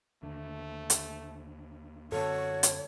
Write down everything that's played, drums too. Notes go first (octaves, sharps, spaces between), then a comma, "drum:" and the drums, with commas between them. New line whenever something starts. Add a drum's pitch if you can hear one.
D#2 D3 A3
drum: hi-hat
F#2 D3 C4 F#4 A4 C#5
drum: hi-hat